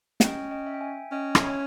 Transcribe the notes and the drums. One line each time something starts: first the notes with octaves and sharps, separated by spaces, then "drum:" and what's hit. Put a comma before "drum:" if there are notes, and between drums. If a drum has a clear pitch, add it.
C#4 D#5 G5, drum: snare
D#5 G5
E5
G5
E5 G#5
C#4 D#5 G5
C#5 E5, drum: rim click
C#5